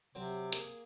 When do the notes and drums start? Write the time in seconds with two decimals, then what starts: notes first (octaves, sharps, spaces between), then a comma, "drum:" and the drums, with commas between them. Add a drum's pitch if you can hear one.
0.15 C3 F#3 C4 C5
0.52 A#3 G#4, drum: hi-hat